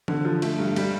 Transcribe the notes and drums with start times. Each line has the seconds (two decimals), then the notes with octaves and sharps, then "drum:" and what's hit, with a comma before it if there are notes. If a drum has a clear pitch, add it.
0.08 D3, drum: tom E3
0.25 F3
0.42 A3, drum: cymbal
0.59 G2
0.76 G3, drum: cymbal